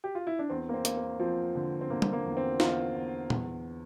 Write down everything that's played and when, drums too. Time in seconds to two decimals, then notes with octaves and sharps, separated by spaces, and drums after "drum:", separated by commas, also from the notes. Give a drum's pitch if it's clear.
0.04 G4
0.15 F4
0.27 E4
0.39 D4
0.49 E2 C4
0.69 A#3
0.74 C4
0.85 A#3, drum: hi-hat
0.97 A#3
1.20 F3 C4
1.55 D3
1.81 C4
1.90 D3 A#3
2.02 drum: tom G3
2.13 A#3
2.25 E2
2.37 C4
2.60 E2 F4, drum: snare
2.95 E2
3.30 E2, drum: tom A#2